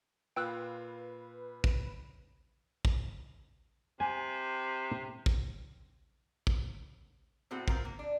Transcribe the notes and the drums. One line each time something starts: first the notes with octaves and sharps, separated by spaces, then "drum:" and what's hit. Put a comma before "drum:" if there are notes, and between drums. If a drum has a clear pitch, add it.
A#2 F4 B4 G5 E6 F#6
drum: kick
drum: kick
C3 G#5
drum: kick
drum: kick
A2 C4 F#4 A4
C4 F4 A#4 C5, drum: kick
A#3
D4